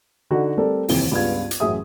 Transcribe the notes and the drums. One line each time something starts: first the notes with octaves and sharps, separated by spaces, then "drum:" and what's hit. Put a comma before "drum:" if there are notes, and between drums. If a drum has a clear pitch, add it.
D3 D#4 F#4
G3 A3 C4 A4 A#4 D5
D#1 F2 C3 E3 C4 G7, drum: open hi-hat
C#2 G2 B3 F4 G#6
drum: hi-hat
A1 F#2 F#3 G#4 E5 D#6